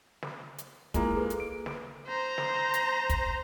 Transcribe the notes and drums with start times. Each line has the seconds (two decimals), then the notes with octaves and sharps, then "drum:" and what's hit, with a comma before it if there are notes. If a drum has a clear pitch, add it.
0.22 drum: snare
0.58 drum: hi-hat
0.94 G#3 A#3 E4 F4 A#5, drum: kick, hi-hat
1.16 G#4 A4 B4
1.30 drum: hi-hat
1.40 D7
1.66 drum: snare
2.07 C5 A#5
2.38 drum: snare
2.74 drum: hi-hat
3.10 drum: kick, hi-hat